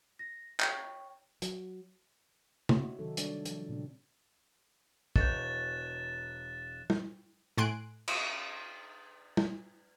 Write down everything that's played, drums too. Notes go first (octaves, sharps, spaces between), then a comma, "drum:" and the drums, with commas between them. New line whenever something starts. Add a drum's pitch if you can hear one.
A#6
C#5 G5 C#6, drum: clap
F#3, drum: hi-hat
D#4 F#4 G4 C#5 E5, drum: tom
C3 D#3 F#3 C4 D#4 A4
G3 D4 C#5 D5, drum: hi-hat
F3, drum: hi-hat
A#2 C#3 F3 C4 D4
E1 C#5 F#6 G6 A6 E7, drum: kick
drum: tom
A2 G#5 C6 F#6 D7
drum: cymbal
drum: tom